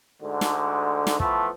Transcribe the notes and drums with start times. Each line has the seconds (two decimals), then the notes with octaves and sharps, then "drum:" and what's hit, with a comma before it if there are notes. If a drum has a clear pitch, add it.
0.23 D2 G#2 D3
0.41 drum: snare
1.07 drum: snare
1.20 E3 F3 A3 B3, drum: kick